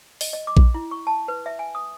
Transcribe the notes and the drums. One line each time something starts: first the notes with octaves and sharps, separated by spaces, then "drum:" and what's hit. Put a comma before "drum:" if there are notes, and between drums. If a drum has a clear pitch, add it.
D#5, drum: open hi-hat
D#5
D6
drum: kick A#1
E4
C#6
A5
B4
E5
G#5
D#6